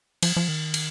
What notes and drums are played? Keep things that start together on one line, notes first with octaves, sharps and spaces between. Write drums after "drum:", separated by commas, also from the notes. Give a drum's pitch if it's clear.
F3, drum: cymbal
F3
D#3
drum: cymbal